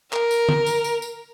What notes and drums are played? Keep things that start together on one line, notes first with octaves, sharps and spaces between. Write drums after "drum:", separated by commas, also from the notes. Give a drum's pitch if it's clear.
A#4, drum: clap
drum: tambourine
drum: tom D3
drum: tambourine
drum: tambourine
drum: tambourine